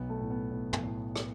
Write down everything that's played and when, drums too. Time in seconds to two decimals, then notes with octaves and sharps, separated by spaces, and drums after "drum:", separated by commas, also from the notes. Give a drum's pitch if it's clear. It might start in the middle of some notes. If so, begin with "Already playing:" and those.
Already playing: B1 B3
0.09 A3
0.20 A2
0.30 B3
0.51 A2
0.73 drum: tom
0.83 A2
1.16 drum: rim click